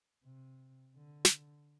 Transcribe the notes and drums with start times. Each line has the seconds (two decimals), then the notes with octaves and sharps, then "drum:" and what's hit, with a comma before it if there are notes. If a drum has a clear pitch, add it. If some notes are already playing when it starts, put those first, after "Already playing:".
0.25 C3
0.96 D3
1.25 drum: snare